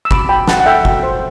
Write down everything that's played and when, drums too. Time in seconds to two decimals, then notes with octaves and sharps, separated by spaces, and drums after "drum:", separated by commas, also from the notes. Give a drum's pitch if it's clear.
0.05 E6
0.11 F#4 B5 D6, drum: kick
0.29 F#4 G5 B5
0.48 A4 F#5 A5, drum: snare
0.60 F#5
0.66 A4 E5 G5
0.85 F#4, drum: kick
1.03 C5